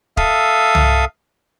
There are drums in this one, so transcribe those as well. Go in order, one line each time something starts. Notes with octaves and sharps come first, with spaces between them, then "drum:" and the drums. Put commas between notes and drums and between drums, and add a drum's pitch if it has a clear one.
A4 E5 F5 D#6, drum: kick
drum: tom C2